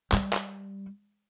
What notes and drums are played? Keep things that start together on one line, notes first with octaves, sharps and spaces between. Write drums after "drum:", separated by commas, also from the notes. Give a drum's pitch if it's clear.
G3, drum: clap
drum: clap